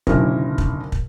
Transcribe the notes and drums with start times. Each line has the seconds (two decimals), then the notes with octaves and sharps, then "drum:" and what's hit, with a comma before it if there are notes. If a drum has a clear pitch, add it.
0.07 F#1 B1 D3 E4 A#4, drum: kick
0.58 drum: kick
0.92 drum: kick